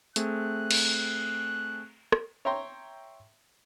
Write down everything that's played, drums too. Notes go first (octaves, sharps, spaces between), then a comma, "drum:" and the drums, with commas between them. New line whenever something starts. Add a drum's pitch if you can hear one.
A3 C4 G#4 F#6, drum: hi-hat
drum: cymbal
drum: rim click
C#5 E5 G5 A#5 C6